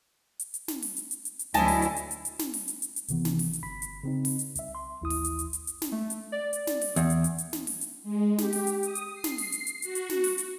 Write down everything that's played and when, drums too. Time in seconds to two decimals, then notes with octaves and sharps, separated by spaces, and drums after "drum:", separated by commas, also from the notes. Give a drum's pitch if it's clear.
0.40 drum: hi-hat
0.54 drum: hi-hat
0.68 drum: snare
0.82 drum: open hi-hat
0.97 drum: hi-hat
1.11 drum: hi-hat
1.25 drum: hi-hat
1.39 drum: hi-hat
1.54 D2 F#3 E4 D#5 G#5 A5, drum: snare
1.68 drum: open hi-hat
1.82 drum: hi-hat
1.97 drum: hi-hat
2.11 drum: hi-hat
2.25 drum: hi-hat
2.39 drum: snare
2.54 drum: open hi-hat
2.68 drum: hi-hat
2.82 drum: hi-hat
2.96 drum: hi-hat
3.09 A1 C3 D#3 E3 B3, drum: hi-hat
3.25 drum: snare
3.39 drum: open hi-hat
3.53 drum: hi-hat
3.63 G1 B5 B6
3.82 drum: hi-hat
4.03 C#3 C4 D#4
4.25 drum: open hi-hat
4.39 drum: hi-hat
4.56 C2 E5, drum: hi-hat
4.75 C6
5.00 A1 D#2 E4 D#6
5.10 drum: open hi-hat
5.25 drum: hi-hat
5.39 drum: hi-hat
5.53 drum: hi-hat
5.67 drum: hi-hat
5.82 drum: snare
5.92 A3
6.10 drum: hi-hat
6.32 D5
6.53 drum: hi-hat
6.67 drum: snare
6.81 drum: open hi-hat
6.96 E2, drum: hi-hat
7.10 drum: hi-hat
7.24 drum: hi-hat
7.39 drum: hi-hat
7.53 drum: snare
7.67 drum: open hi-hat
7.81 drum: hi-hat
8.03 G#3
8.38 G4, drum: snare
8.53 drum: open hi-hat
8.67 drum: hi-hat
8.83 D#6, drum: hi-hat
8.95 drum: hi-hat
9.14 C7
9.24 drum: snare
9.38 drum: open hi-hat
9.52 drum: hi-hat
9.67 drum: hi-hat
9.82 F#4, drum: hi-hat
9.95 drum: hi-hat
10.10 drum: snare
10.24 drum: open hi-hat
10.38 drum: hi-hat